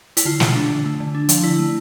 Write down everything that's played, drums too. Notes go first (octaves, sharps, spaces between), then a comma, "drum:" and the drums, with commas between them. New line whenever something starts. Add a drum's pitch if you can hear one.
E4, drum: hi-hat
D3 F4
A3, drum: snare
D4
D3
A3
D3
D4
F3, drum: hi-hat
D3 E4
A3